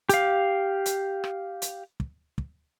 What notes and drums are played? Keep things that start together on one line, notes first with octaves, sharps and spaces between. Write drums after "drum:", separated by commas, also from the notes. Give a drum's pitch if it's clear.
G4 F5, drum: hi-hat
drum: hi-hat
drum: rim click
drum: hi-hat
drum: kick
drum: kick